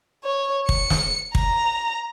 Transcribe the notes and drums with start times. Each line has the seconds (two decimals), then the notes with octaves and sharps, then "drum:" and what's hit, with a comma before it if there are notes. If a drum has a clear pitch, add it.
0.24 C#5
0.69 C#7, drum: kick
0.90 drum: snare
1.35 A#5, drum: kick